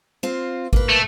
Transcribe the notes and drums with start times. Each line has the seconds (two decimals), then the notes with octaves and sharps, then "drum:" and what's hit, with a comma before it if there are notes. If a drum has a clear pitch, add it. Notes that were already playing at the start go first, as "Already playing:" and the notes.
0.23 C4 F4
0.73 A#3 B4, drum: kick G#1
0.89 A3